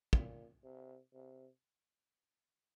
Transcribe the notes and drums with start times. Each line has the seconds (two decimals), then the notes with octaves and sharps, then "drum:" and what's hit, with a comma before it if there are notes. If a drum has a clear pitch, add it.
0.13 A#2, drum: kick
0.64 C3
1.13 C3